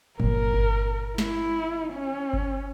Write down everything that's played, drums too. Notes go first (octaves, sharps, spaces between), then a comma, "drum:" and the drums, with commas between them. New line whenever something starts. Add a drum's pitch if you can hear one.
G1 A#2 A#4, drum: tom F3
drum: kick G1
E4, drum: snare
C#4
drum: kick G1